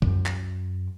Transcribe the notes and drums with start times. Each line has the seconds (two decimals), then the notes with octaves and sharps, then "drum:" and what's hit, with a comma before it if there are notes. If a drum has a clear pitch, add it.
0.02 F#2, drum: kick
0.26 drum: clap